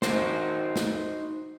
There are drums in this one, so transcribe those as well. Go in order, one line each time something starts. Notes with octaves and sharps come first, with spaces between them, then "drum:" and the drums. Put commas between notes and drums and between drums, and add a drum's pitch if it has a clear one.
D#4 F#4 C5, drum: snare
drum: snare